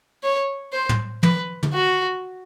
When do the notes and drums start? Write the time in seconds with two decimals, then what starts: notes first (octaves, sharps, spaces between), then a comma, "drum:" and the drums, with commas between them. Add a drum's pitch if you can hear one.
0.23 C#5
0.73 C5
0.89 drum: tom
1.23 B4, drum: tom
1.63 drum: tom
1.73 F#4